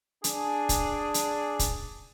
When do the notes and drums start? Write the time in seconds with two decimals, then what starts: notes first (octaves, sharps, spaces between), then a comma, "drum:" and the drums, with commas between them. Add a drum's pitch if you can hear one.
0.24 D4 G#4, drum: hi-hat
0.69 drum: kick, hi-hat
1.14 drum: hi-hat
1.59 drum: kick, hi-hat